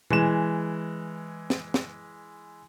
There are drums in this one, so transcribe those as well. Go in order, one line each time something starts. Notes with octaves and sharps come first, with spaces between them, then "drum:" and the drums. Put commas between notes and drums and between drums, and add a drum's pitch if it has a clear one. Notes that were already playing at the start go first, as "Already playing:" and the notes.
E3 G#3 E7, drum: tom B2
drum: snare
drum: snare